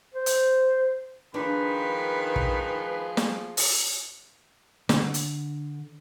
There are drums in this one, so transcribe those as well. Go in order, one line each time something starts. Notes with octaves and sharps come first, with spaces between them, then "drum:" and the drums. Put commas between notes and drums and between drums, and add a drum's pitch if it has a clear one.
C5
drum: hi-hat
D#3 F3 D4 G#4 B4 C6
drum: kick
drum: snare
drum: open hi-hat
D3, drum: snare
drum: hi-hat